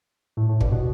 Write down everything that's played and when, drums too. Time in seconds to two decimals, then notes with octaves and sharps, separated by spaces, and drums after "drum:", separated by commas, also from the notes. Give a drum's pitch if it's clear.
0.37 A2
0.49 A2
0.60 G2, drum: kick
0.72 B2